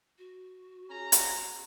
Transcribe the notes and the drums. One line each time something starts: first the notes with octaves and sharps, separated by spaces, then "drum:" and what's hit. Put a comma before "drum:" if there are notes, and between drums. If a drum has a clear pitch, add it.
F#4
C#4 G#4 A#5
drum: hi-hat